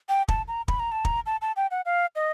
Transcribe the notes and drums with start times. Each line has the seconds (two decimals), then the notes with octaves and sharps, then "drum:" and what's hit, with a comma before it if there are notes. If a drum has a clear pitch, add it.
0.09 G5
0.28 A5, drum: kick
0.48 A#5
0.68 B5, drum: kick
0.80 A#5
0.92 A5
1.05 A#5, drum: kick
1.26 A5
1.42 A5
1.56 G5
1.71 F#5
1.86 F5
2.16 D#5